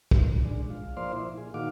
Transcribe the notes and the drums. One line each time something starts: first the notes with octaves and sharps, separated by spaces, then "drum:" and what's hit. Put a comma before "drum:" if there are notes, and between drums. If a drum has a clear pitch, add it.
drum: kick
G#3 D4
F4
F3 A#3 C5 D5 F5 C6
A#2 E4
G#4
A#2 D#3 F#4 F5 D6